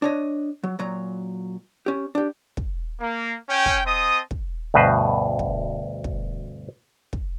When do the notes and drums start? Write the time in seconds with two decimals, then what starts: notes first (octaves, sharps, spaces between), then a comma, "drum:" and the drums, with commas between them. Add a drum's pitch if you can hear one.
0.02 D4 C#5 D#5
0.63 F#3
0.79 A#2 F#3 A#5
1.86 C#4 G4
2.15 D4 G4
2.57 drum: kick
3.01 A#3
3.49 C#4 G5
3.66 drum: kick
3.86 C4 D#5 A5 D#6
4.31 drum: kick
4.74 D2 G2 B2 B4 C5 D#5
5.39 drum: kick
6.04 drum: kick
7.13 drum: kick